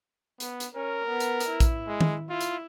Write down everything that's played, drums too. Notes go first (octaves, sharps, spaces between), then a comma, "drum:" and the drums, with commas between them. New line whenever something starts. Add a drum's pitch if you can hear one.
B3, drum: hi-hat
drum: hi-hat
C#4 A#4
B3
drum: hi-hat
drum: hi-hat
E4
drum: kick A#1, hi-hat
G#3
drum: tom
E4 F4
drum: hi-hat